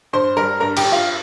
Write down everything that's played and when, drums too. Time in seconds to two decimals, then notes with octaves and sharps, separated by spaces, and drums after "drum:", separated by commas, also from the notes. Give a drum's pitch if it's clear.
0.13 G2 C5 C6
0.37 G3 A#4 A#5
0.60 G2 A#4 A#5
0.77 G4 G5, drum: cymbal
0.84 G2
0.92 F4 F5